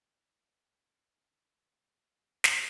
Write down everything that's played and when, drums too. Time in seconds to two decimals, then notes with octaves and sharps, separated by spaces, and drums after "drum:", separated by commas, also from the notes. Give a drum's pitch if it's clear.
0.25 F#2 D#3 D4
2.44 drum: snare